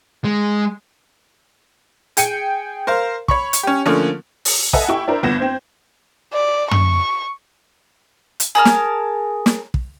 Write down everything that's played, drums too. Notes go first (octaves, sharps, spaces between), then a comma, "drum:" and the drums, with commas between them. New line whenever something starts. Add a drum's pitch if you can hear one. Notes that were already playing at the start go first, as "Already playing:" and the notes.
G#3
G#4 G5 C#7 D#7, drum: hi-hat
A#4 C5 F5
C#5 B5 C#6, drum: kick
drum: hi-hat
C#4 G4
D3 F3 A3 A#3 C#4
drum: open hi-hat
A4 B4 D#5 E5 F#5 G#5, drum: kick
E4 G4 G5 C#6
D4 E4 A#4 C5
G1 B3 G6 G#6 A#6 E7
C4 C5
D5
C#6, drum: tom
drum: hi-hat
G#4 A#4 A5 F6
drum: snare
drum: snare
drum: kick